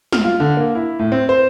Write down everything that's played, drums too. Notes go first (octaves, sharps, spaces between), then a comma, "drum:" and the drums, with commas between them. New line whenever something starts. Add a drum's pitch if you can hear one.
F6, drum: snare
F4
D3
A#3
E4
A2
C4
C5